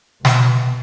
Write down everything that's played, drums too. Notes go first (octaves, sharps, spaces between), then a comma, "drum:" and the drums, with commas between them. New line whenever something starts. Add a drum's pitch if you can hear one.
B2, drum: snare